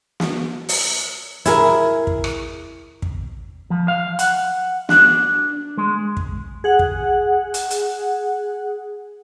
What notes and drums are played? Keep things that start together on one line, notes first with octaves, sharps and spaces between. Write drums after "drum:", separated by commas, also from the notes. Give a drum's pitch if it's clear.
drum: snare
drum: open hi-hat
E4 G#4 A#4, drum: hi-hat
drum: kick
drum: rim click
drum: kick
F3
F5
F#5, drum: hi-hat
D4, drum: snare
G#3
drum: kick
G#4 F#5
drum: kick
drum: hi-hat
drum: hi-hat